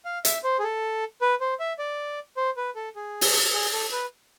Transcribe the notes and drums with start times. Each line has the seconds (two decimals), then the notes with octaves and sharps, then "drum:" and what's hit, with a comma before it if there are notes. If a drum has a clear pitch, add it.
0.05 F5
0.25 E5, drum: hi-hat
0.44 C5
0.59 G#4
0.64 A4
1.21 B4
1.40 C5
1.60 E5
1.79 D5
2.37 C5
2.57 B4
2.75 A4
2.96 G#4
3.21 drum: open hi-hat
3.54 G#4
3.72 A4
3.92 B4